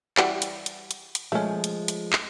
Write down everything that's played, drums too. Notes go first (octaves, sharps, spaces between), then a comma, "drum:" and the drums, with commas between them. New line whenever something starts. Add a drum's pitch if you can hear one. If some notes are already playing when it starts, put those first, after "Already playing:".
E3 G3 F#4, drum: clap
drum: hi-hat
drum: hi-hat
drum: hi-hat
drum: hi-hat
F3 G#3 A3 C#4
drum: hi-hat
drum: hi-hat
drum: clap